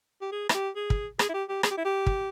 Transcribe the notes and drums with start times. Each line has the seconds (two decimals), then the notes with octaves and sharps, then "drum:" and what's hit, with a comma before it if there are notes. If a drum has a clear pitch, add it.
0.21 G4
0.32 G#4
0.49 E4, drum: rim click
0.54 G4
0.76 G#4
0.90 drum: kick
1.19 G#4, drum: rim click
1.29 E4
1.34 G4
1.49 G4
1.63 G#4, drum: rim click
1.71 G4
1.77 E4
1.85 G4
2.07 drum: kick